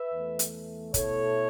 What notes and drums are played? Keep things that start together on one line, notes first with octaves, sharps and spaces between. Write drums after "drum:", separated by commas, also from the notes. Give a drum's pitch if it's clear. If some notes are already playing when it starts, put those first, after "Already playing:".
Already playing: B4 E5
E2 E3 A3
drum: hi-hat
B2 A3 E4 A4 C#5, drum: kick, hi-hat